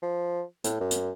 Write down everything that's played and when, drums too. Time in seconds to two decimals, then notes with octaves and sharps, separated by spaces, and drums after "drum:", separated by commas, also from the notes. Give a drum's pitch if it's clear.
0.02 F3
0.64 A2, drum: hi-hat
0.80 F#2
0.91 drum: hi-hat